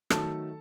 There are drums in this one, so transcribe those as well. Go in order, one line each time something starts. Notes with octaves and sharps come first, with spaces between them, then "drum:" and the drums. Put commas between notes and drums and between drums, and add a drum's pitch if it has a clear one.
D#3 F#3 A3 A4 A5, drum: rim click